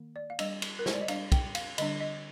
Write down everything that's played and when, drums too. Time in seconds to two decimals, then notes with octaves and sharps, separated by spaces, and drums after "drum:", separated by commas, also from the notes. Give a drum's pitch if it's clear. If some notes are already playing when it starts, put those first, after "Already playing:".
Already playing: D#3 A#3
0.16 D5
0.30 F5
0.39 G3 D4 D#5, drum: cymbal
0.62 drum: cymbal
0.79 A#4
0.86 C5, drum: snare
0.93 D5
1.01 D#5
1.08 G3 D4 F5, drum: cymbal
1.32 G5, drum: kick, cymbal
1.55 F5, drum: cymbal
1.78 D3 G3 D4 D#5, drum: cymbal
2.00 D#5